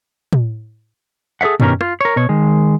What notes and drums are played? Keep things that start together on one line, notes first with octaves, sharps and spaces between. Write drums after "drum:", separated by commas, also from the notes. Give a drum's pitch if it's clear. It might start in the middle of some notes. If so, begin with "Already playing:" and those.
drum: tom
G#4 A4 C#5 E5 F#5
B2 D#3 C#4 G4 A#4, drum: tom F#2
F4, drum: rim click
A#4 C#5
B2 C#5
D#3 G#3